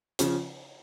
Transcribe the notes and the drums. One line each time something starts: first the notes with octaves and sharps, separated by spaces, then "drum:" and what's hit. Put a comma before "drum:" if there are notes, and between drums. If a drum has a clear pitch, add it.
C#3 F3, drum: hi-hat